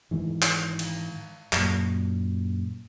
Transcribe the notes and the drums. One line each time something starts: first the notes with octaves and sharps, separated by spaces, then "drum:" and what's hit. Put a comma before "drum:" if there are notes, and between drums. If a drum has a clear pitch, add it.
G#2 D#3 E3
drum: clap
drum: cymbal
F#2 A#2, drum: clap